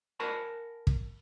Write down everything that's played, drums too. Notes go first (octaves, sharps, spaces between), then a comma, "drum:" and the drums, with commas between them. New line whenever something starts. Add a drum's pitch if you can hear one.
A#4 F#5 G#5 A5 B5
drum: kick